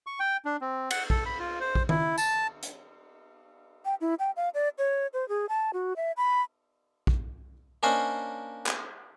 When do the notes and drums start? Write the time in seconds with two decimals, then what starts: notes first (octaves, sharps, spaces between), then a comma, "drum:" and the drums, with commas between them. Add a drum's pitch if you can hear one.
0.07 C#6
0.20 G5
0.45 D4
0.61 C4
0.91 F#5, drum: cymbal
1.10 A4, drum: kick A#1
1.26 B5
1.39 F4
1.60 C5
1.75 drum: kick A#1
1.89 E4, drum: tom D#3
2.18 A5, drum: tambourine
2.63 drum: hi-hat
3.85 G5
4.01 E4
4.19 G5
4.37 F5
4.54 D5
4.78 C#5
5.13 C5
5.29 G#4
5.49 A5
5.73 F#4
5.96 E5
6.17 B5
7.07 drum: kick A#1
7.83 A#3 C#4 D4 C5 D#5
8.66 drum: clap